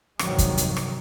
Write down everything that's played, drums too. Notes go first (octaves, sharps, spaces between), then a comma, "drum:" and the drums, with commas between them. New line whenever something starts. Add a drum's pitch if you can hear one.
G2 C3 D#3 F3 F#3 G#3, drum: rim click
drum: kick, hi-hat
drum: hi-hat
drum: rim click